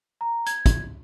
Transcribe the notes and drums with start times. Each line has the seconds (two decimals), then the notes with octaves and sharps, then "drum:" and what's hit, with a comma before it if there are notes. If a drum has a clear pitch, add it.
0.21 A#5
0.46 G#6, drum: hi-hat
0.66 drum: kick, hi-hat